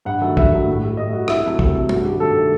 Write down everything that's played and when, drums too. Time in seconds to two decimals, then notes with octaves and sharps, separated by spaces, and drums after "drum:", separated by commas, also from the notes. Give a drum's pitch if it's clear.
0.05 G2 F#5
0.21 D#3 F#3 A3
0.37 G2 E5, drum: kick A#1
0.52 D#3 F#3 A3
0.68 A2
0.83 G3
0.97 A2 D#5
1.13 G3 F#4
1.28 C2 E4, drum: rim click
1.43 C3 F#3 A3
1.59 C2, drum: kick A#1
1.75 C3 F#3 A3
1.89 G2 F#4, drum: tom G3
2.05 D#3 A3 G4
2.20 G2 A4
2.36 D#3 A3